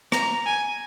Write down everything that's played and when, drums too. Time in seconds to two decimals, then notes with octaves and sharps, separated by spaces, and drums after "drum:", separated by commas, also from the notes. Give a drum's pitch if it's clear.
0.12 A#5, drum: rim click
0.46 G#5